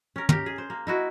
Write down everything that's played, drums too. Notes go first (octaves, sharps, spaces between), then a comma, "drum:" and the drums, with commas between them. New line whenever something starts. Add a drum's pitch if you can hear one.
C#4 A#4
G4 A#4, drum: tom
G#4
C5
A#3
D#4 E4 F#4